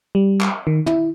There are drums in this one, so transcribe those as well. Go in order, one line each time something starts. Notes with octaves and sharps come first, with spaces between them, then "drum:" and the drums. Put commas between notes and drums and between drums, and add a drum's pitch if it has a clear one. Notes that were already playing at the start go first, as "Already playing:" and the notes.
G3
drum: clap
D#3
E4, drum: tom